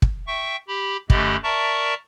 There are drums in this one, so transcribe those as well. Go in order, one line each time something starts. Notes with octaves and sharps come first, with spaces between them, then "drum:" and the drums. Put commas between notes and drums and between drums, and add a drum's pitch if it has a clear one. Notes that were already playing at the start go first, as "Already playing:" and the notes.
drum: kick
E5 G5 C#6
G4 B5
F#2 D3 A3 G4 D#5 B5, drum: kick
A#4 D5 E5 A5 A#5 C#6